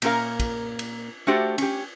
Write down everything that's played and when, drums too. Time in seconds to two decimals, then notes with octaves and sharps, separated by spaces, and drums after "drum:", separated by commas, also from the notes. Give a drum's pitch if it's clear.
0.02 A#2 A#3 C#4 E4 A#4 F5, drum: cymbal
0.40 drum: kick, cymbal
0.79 drum: cymbal
1.27 A3 D4 F#4 G4 C5
1.58 C#4 G4, drum: cymbal